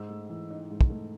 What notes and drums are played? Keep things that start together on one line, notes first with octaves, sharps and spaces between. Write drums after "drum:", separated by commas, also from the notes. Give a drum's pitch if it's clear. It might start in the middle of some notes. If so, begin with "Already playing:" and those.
Already playing: G#2 E6
A3
E3
D#4
G#2
drum: kick
A3